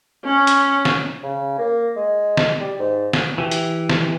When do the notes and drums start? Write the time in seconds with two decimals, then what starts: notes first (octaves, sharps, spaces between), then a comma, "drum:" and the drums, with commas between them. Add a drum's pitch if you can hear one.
0.25 C#4
0.47 drum: hi-hat
0.85 drum: snare
1.23 C#3
1.58 A#3
1.96 G#3
2.37 drum: snare
2.60 G3
2.79 G#2
3.13 drum: snare
3.38 E3 G4
3.51 drum: hi-hat
3.89 drum: snare